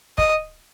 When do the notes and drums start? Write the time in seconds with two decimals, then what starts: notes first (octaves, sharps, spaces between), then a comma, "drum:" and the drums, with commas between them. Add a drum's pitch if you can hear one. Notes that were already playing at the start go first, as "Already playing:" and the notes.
0.18 D#5, drum: kick